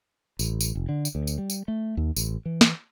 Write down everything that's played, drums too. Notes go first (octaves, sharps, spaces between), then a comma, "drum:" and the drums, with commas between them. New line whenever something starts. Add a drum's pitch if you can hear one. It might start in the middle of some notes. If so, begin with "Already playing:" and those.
A1, drum: tambourine
drum: tambourine
F1
D3
drum: tambourine
D2
drum: tambourine
G3
drum: tambourine
A3
D#2
A1, drum: tambourine
E3
drum: snare